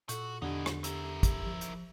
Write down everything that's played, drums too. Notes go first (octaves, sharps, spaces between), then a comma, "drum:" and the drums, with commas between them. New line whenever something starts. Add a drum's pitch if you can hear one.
A#2 F#4 A4, drum: hi-hat
E2 D3 E3 D#4 G4
drum: rim click
E4 G4 A#4, drum: hi-hat
drum: kick, hi-hat
F3
drum: hi-hat